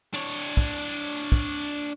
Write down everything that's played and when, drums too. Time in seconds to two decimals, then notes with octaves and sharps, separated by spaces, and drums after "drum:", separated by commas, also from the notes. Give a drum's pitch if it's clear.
0.14 D4 C#5, drum: hi-hat
0.57 drum: kick
1.32 drum: kick